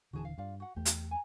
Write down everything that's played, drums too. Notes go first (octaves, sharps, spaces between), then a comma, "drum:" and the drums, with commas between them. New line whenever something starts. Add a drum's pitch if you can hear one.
D#1 D3 E3 F#4 G#4 A5
F5
G2 F4 D5 F5
F#4 F#5
E2 A3 G4
drum: hi-hat
G#5 A#5